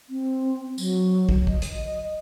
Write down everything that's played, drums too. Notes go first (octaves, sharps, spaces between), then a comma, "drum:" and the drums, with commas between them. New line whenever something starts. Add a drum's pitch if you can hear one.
C4
F#3, drum: tambourine
drum: kick
D#5, drum: kick
drum: hi-hat